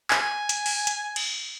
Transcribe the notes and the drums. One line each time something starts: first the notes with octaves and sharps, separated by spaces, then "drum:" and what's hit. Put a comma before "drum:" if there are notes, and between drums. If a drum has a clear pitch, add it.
G#5, drum: clap
drum: hi-hat
drum: open hi-hat
drum: hi-hat
drum: cymbal